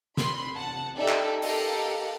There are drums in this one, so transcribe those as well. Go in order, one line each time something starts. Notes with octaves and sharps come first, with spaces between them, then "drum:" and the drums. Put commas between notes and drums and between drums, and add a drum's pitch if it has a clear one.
B5 C6, drum: snare
F#5 A5
D#4 G4 A4 D5 E5
drum: clap
G4 A4 A#4 D#5 F5 F#5, drum: open hi-hat